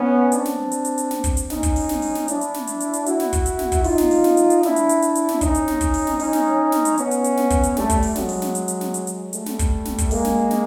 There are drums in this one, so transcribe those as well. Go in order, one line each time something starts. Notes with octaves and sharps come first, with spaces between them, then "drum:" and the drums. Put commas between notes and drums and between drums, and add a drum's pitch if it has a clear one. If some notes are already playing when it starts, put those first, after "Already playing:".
Already playing: B3 C#4
C4 D4, drum: hi-hat
drum: snare
drum: hi-hat
drum: hi-hat
drum: hi-hat
drum: snare
drum: kick, hi-hat
drum: hi-hat
C#4 D#4, drum: snare
drum: kick, hi-hat
drum: open hi-hat
drum: snare
drum: open hi-hat
drum: snare
D4 E4, drum: hi-hat
drum: hi-hat
drum: snare
drum: hi-hat
drum: hi-hat
drum: hi-hat
E4 F#4, drum: hi-hat
drum: snare
drum: kick, hi-hat
drum: hi-hat
drum: snare
drum: kick, hi-hat
D#4 F4, drum: open hi-hat
drum: snare
drum: open hi-hat
drum: snare
drum: hi-hat
drum: hi-hat
D4 E4, drum: snare
drum: hi-hat
drum: hi-hat
drum: hi-hat
drum: hi-hat
drum: snare
C#4 D#4, drum: kick, hi-hat
drum: hi-hat
drum: snare
drum: kick, hi-hat
drum: open hi-hat
drum: snare
C#4 D#4, drum: open hi-hat
drum: snare
drum: snare
drum: hi-hat
B3 C#4, drum: hi-hat
drum: hi-hat
drum: hi-hat
drum: snare
drum: kick, hi-hat
drum: hi-hat
G3 A3, drum: snare
drum: kick, hi-hat
drum: open hi-hat
F#3 G#3, drum: snare
drum: open hi-hat
drum: snare
drum: hi-hat
drum: hi-hat
drum: snare
drum: hi-hat
drum: hi-hat
G3 A3, drum: hi-hat
drum: snare
drum: kick, hi-hat
drum: snare
drum: kick, hi-hat
G#3 A#3, drum: open hi-hat
drum: snare
drum: snare